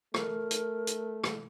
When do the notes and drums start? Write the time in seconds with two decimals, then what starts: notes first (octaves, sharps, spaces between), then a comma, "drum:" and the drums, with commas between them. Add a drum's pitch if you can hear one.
0.14 A3 A#4, drum: rim click
0.51 drum: hi-hat
0.87 drum: hi-hat
1.24 drum: rim click